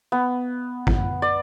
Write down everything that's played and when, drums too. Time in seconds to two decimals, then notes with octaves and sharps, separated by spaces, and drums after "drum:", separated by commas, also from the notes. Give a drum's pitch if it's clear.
0.12 B3
0.87 drum: kick
1.22 D5